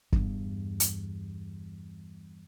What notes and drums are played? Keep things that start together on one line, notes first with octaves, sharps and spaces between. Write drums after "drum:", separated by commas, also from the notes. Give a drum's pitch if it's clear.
E2 G2, drum: kick
drum: hi-hat